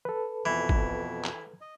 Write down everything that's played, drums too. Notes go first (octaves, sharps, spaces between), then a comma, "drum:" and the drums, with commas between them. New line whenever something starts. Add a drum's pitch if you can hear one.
A4 B4
F2 B2 E3
drum: kick
drum: clap
D#5